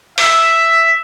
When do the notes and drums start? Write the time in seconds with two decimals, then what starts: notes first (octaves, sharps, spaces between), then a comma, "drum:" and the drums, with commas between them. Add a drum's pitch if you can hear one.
0.18 E5, drum: open hi-hat